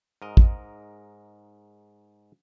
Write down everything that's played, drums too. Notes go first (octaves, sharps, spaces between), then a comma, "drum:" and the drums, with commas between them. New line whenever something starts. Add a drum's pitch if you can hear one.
G#2 A#4 D#5
drum: kick